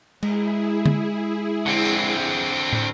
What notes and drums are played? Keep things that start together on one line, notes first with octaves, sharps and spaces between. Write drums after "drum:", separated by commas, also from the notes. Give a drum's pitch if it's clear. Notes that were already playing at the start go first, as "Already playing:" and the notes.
G#3 E4 G#4, drum: cymbal
drum: tom D3
D3 C4
drum: tambourine
drum: tom